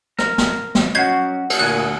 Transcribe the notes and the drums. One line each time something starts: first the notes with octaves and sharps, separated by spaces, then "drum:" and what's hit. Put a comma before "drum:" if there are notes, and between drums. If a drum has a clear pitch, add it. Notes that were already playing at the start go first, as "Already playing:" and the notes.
A#4, drum: rim click
drum: snare
drum: snare
F#3 C#4 F#4 D#5 F#5 G6 G#6 C7
drum: cymbal
D2 A#2 G#5 F#6